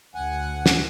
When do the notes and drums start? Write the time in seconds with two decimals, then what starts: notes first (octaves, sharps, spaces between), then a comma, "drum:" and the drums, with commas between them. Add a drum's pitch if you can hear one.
0.15 D2 F#5 G#5
0.66 drum: snare